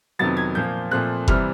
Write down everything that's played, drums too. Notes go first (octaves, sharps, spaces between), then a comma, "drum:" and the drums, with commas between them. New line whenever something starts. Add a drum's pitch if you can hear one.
F2 C3 D#3 F#3 B3 A6
G#6
A#2 F3 A#3 G6
A#2 F3 A3 C4 F#6
C3 E3 G3 C4 F6, drum: kick F#1